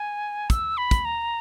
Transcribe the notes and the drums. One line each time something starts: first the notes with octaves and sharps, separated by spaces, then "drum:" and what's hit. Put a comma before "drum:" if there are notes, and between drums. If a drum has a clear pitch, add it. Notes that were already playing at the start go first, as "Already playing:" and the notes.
Already playing: G#5
E6, drum: kick, hi-hat
B5
drum: kick, hi-hat
A#5